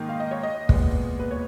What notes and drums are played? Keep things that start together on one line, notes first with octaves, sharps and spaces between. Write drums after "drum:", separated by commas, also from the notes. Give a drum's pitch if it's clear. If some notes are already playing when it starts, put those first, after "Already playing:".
Already playing: G#2 D#3 A#3
F5
D#5
C#5
D#5
A#2 G#3 B3, drum: kick
B4
C#5